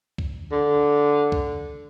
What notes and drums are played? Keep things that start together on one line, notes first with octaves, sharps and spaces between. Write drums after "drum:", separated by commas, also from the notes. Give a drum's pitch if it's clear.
drum: kick C#2
D3
drum: kick C#2